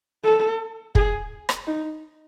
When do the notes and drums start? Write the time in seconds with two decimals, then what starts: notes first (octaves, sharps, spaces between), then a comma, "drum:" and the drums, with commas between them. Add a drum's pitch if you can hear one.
0.24 A4
0.95 G#4, drum: kick
1.49 drum: rim click
1.67 D#4